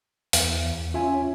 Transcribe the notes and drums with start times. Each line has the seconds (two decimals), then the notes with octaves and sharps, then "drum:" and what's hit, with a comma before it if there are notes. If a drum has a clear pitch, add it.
0.33 E2, drum: open hi-hat
0.94 C#4 F4 E5 G#5